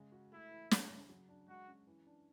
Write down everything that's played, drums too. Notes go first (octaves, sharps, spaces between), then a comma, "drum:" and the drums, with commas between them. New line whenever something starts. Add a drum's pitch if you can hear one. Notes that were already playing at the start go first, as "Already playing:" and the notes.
Already playing: C#3 G#3
F#4
A3 E4
E3
C#3, drum: snare
C#3
F#3
D4
G#3 F#4
C#4
E3
D4